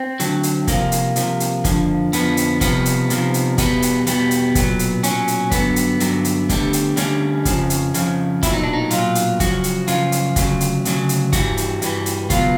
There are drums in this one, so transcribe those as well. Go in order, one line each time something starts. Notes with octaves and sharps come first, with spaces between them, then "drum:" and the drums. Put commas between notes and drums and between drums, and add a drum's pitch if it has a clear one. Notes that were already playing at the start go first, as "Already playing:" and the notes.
Already playing: C4
D2 D3 F#3, drum: hi-hat
drum: hi-hat
C2 C3 F3 A#3, drum: kick, hi-hat
drum: hi-hat
C2 C3 F3, drum: hi-hat
drum: hi-hat
F2 D3 F3, drum: kick, hi-hat
F2 D3 F3 B3, drum: hi-hat
drum: hi-hat
C2 C3 F3 B3, drum: kick, hi-hat
drum: hi-hat
C2 C3 F3, drum: hi-hat
drum: hi-hat
E2 B2 G3 B3, drum: kick, hi-hat
drum: hi-hat
E2 B2 G3 B3, drum: hi-hat
drum: hi-hat
B1 A#2 F#3, drum: kick, hi-hat
drum: hi-hat
B1 A#2 F#3 C#4, drum: hi-hat
drum: hi-hat
G2 D3 F#3 B3, drum: kick, hi-hat
drum: hi-hat
G2 D3 F#3, drum: hi-hat
drum: hi-hat
D2 D3 G3, drum: kick, hi-hat
drum: hi-hat
D2 D3 G3 C#4, drum: hi-hat
F2 C#3 F3, drum: kick, hi-hat
drum: hi-hat
F2 C#3 F3, drum: hi-hat
B1 A#2 F#3 E4, drum: kick, hi-hat
D#4
D4
D#4
B1 A#2 F#3 F4, drum: hi-hat
drum: hi-hat
F#2 C#3 F3 F#4, drum: kick, hi-hat
drum: hi-hat
F#2 C#3 F3 F4, drum: hi-hat
drum: hi-hat
D2 C#3 F#3, drum: kick, hi-hat
drum: hi-hat
D2 C#3 F#3, drum: hi-hat
drum: hi-hat
G2 E3 G3 F#4, drum: kick, hi-hat
drum: hi-hat
G2 E3 G3, drum: hi-hat
drum: hi-hat
C#2 B2 F#3 F4, drum: kick, hi-hat